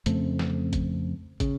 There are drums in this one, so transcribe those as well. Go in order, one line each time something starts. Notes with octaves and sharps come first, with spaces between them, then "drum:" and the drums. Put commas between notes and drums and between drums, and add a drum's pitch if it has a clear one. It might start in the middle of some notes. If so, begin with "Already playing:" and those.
F2 C#3 A3 C4, drum: hi-hat
drum: snare
drum: kick, hi-hat
C#3, drum: kick, hi-hat